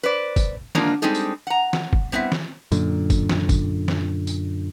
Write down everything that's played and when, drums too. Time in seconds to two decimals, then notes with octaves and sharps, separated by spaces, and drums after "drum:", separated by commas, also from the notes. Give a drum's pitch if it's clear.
0.03 B4 C5 D5
0.36 drum: kick, tambourine
0.75 G#2 D3 A#3 D4 D#4 F4, drum: snare
1.02 G3 G#3 C4 D4 D#4 A4
1.15 drum: tambourine
1.47 F#5 A#5
1.73 drum: snare
1.93 drum: kick
2.12 G3 B3 C4 E4 E5
2.32 drum: snare
2.72 F#2 A#2 D3, drum: tambourine
3.10 drum: kick, tambourine
3.30 drum: snare
3.49 drum: kick, tambourine
3.88 drum: snare
4.27 drum: tambourine